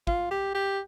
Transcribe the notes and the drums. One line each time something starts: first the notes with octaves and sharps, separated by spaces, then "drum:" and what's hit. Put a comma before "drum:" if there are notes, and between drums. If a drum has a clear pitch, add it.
F4, drum: kick
G4
G4